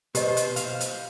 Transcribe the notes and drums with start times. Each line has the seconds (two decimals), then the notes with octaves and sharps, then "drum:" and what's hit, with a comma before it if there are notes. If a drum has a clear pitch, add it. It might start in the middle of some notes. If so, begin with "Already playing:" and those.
0.15 B2 G4 C5 D#5, drum: hi-hat
0.37 drum: hi-hat
0.56 F5, drum: hi-hat
0.80 drum: hi-hat